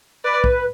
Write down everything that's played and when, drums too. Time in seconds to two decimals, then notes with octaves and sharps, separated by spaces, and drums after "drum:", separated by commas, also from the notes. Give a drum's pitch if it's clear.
0.24 B4 D5
0.44 drum: kick B1